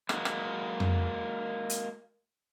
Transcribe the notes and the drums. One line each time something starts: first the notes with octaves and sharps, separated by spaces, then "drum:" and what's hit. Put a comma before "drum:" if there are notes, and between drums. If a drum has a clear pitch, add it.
G#3 A#3 E4 F#4, drum: rim click
drum: rim click
drum: tom F2
drum: hi-hat